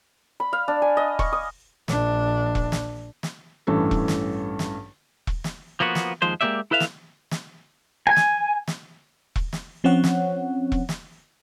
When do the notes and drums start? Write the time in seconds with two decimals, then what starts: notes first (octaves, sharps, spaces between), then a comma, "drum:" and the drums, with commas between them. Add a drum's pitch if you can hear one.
0.40 B5
0.53 F5
0.68 D4
0.82 G#5
0.97 D#5
1.19 C#6, drum: kick E1
1.33 D#6
1.88 A#1 D4, drum: snare
2.55 drum: kick E1
2.72 drum: snare
3.23 drum: snare
3.67 A1 G2 E3 C#4 A4
3.91 drum: kick E1
4.08 drum: snare
4.59 drum: snare
5.27 drum: kick E1
5.44 drum: snare
5.80 F3 A#3 B3 F#4
5.95 drum: snare
6.22 D#2 F3 G#3 C5
6.41 G#3 A#3 B3 G4 D5 E5
6.71 E4 A4 B4 E5 F5
6.80 drum: snare
7.31 drum: snare
8.07 G#5
8.16 drum: snare
8.68 drum: snare
9.36 drum: kick E1
9.53 drum: snare
9.84 F3 C4 C#4 C#5 F#5
10.04 drum: snare
10.72 drum: kick E1
10.89 drum: snare